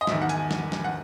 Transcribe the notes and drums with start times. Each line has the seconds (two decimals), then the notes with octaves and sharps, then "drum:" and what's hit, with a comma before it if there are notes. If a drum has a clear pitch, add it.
0.01 D#5
0.07 E1 E2 D#3 E5, drum: snare
0.22 F#5
0.29 G#5, drum: hi-hat
0.51 drum: snare
0.72 drum: snare
0.84 F#5